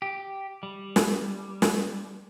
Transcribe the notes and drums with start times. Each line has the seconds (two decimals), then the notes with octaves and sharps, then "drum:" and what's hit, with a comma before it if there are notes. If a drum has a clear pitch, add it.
0.02 G4
0.63 G3
0.96 drum: snare
1.62 drum: snare